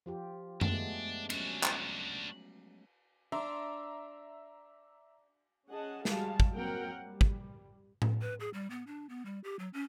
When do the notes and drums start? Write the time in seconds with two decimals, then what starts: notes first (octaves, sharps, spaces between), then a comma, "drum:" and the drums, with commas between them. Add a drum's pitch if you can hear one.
0.06 F3 F4 G4
0.61 G#3 A3 B3 D4, drum: tom F#2
1.30 F#3 C#4 D4 F#4, drum: cymbal
1.63 drum: clap
3.32 D4 E5 A#5 C6
5.69 C#4 G#4 D#5 F#5 A5
6.05 G3 G#3 F#4 G#4 F5 A5, drum: snare
6.40 drum: kick
6.55 F#3 A#3 C4 A#4 F#5 G5
7.02 G3
7.21 drum: kick
8.02 drum: tom A2
8.21 B4
8.40 G#4
8.54 G3
8.70 B3
8.87 D4
9.09 B3
9.25 G3
9.44 G4
9.59 F#3
9.73 C#4